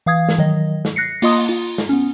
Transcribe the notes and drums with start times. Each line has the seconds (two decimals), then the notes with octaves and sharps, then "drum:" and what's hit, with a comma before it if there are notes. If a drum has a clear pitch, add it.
0.06 E3 F5 D#6 G#6
0.29 drum: snare
0.38 D#3 F#3 D#5
0.85 drum: snare
0.96 F#6 A#6 C7 C#7
1.22 A#3 F4 D#5 C6 D#6, drum: open hi-hat
1.49 F4
1.78 drum: snare
1.89 B3 C#4